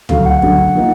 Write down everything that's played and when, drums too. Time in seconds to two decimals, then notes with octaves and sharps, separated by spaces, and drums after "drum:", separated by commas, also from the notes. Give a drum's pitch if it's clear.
0.09 D2 D3 F#3 F5, drum: tom C#2
0.26 F#5
0.42 D2 D3 F#3, drum: kick
0.75 F3 A#3 D#4